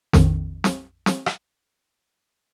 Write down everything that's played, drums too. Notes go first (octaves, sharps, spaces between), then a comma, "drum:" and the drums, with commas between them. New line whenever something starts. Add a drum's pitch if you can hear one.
A#1 F2 D#3, drum: snare
drum: snare
drum: snare
drum: rim click